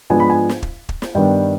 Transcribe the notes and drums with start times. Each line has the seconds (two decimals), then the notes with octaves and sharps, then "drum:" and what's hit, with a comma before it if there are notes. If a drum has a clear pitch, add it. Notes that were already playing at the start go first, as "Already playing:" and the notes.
0.10 G#2 F3 B3 D4 G#5
0.20 B5
0.30 G#5
0.49 drum: snare
0.63 drum: kick
0.89 drum: kick
1.02 drum: snare
1.15 G2 D#3 G3 B3 D4 G5